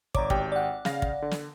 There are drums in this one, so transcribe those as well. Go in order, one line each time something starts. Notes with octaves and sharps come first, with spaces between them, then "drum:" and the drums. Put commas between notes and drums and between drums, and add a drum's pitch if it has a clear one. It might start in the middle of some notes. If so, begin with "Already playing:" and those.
G1 C#5 D5 A#5 D6, drum: kick
G#1 G4 G5, drum: kick
D5 F#5
C#3 F5 A#6, drum: snare
drum: kick
D3
drum: snare